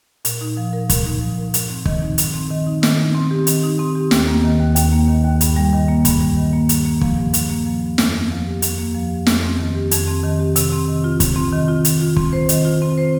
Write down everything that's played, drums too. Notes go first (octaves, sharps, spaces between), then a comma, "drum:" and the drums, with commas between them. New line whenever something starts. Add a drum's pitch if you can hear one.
A#2, drum: hi-hat
D#4
F3
A#4
A#2, drum: kick, hi-hat
D#4
F3
A#4
G2, drum: hi-hat
C4
D#3, drum: kick
D#4
G2, drum: hi-hat
C4
D#3
D#4
D#3, drum: snare
D#4
C4
G4
D#3, drum: hi-hat
D#4
C4
G4
D#2, drum: snare
A#3
D#3
D#2
D#2, drum: hi-hat
A#3
D#3
D#2
G2, drum: hi-hat
G3
D#3
A#3
G2, drum: kick, hi-hat
G3
D#3
A#3
G2, drum: hi-hat
A#3
F3, drum: kick
G2
G2, drum: hi-hat
A#3
F3
G2
F2, drum: snare
A#3
F3
G4
F2, drum: hi-hat
A#3
F3
G4
F2, drum: snare
C4
D#3
G4
F2, drum: hi-hat
C4
D#3
G4
C3, drum: hi-hat
C4
D#3
F4
C3, drum: kick, hi-hat
C4
D#3
F4
D#3, drum: hi-hat
F4
C4, drum: kick
C5
D#3, drum: hi-hat
F4
C4
C5